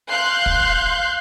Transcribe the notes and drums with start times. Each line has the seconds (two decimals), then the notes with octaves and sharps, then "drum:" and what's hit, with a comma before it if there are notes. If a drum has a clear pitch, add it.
0.10 F5 C6 F#6 G6
0.46 drum: kick